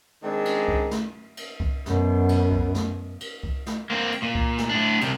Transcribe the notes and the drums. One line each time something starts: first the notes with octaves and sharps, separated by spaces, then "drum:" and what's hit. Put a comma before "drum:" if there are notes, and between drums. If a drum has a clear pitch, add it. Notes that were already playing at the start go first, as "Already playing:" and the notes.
D#3 G#3 C4 D4
drum: cymbal
drum: kick C2
drum: snare
drum: cymbal
drum: kick C2
F#2 B2, drum: snare
drum: cymbal
drum: kick C2
drum: snare
drum: cymbal
drum: kick C2
drum: snare
A#3 C4
drum: cymbal
A#2
drum: kick C2
drum: snare
A2 D4
C2 C3, drum: cymbal